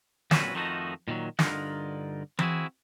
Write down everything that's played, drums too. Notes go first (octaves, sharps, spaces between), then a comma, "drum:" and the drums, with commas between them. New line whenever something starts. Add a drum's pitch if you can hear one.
A#2 F#3 C4 C#4 F#4 B4, drum: snare
F2 D#3 F3 A3 D#4 F#4
A#2 D#3 E3 F#3
G2 D3 D#4 F4 A#4 F#5, drum: snare
C4 D4 E4 F#4 G#4, drum: tom E3